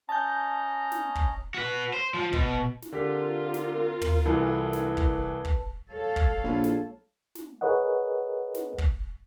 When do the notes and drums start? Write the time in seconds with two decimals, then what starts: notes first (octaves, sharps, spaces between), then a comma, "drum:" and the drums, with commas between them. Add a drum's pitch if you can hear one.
0.09 C#4 D#5 A5 A#5 G6
0.92 drum: snare
1.15 drum: kick
1.54 F#4 B4
1.93 C5
2.14 F3
2.33 B2, drum: kick
2.82 drum: snare
2.92 D3 C4 F4 G4 A#4 B6
3.54 drum: snare
4.02 drum: tom
4.25 C2 E3 A4 B4
4.73 drum: snare
4.97 drum: kick
5.45 drum: kick
5.90 A4 C#5 F5
6.16 drum: kick
6.44 A#1
6.64 drum: snare
7.35 drum: snare
7.61 G#4 A#4 B4 C#5 D#5 F#5
8.54 drum: snare
8.78 drum: kick